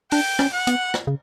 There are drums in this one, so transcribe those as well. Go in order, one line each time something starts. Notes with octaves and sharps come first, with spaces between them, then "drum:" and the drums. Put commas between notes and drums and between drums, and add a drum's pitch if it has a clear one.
D4 G5, drum: open hi-hat
C#4, drum: rim click
F#5
B3, drum: hi-hat
drum: rim click
C#3